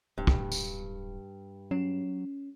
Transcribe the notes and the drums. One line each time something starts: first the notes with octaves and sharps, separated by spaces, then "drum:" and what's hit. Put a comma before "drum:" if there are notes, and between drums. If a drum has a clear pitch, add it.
D1 G2
drum: kick
drum: tambourine
F#3 C#4